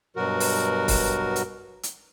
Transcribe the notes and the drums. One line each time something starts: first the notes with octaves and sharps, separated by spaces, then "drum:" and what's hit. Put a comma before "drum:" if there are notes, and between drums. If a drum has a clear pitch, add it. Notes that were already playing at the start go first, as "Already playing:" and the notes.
G2 B2 F#3 F#4 A#4
drum: open hi-hat
drum: kick, open hi-hat
drum: hi-hat
drum: hi-hat